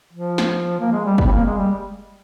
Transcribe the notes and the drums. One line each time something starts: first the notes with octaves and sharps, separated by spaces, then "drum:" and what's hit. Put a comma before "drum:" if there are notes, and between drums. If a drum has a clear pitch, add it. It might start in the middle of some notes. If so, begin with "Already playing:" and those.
F3
drum: snare
A#3
G#3
G3
G3, drum: kick
C4
A#3
G#3
G3